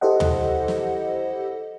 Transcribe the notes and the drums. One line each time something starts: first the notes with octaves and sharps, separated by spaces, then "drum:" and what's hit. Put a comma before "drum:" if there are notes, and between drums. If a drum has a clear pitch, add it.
E4 G4 A4 C5 D#5 F#5
drum: tom
drum: snare